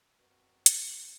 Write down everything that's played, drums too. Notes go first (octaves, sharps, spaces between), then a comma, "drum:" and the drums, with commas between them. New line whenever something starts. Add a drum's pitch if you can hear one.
F#2 B2 C4 F#4 A#4
drum: hi-hat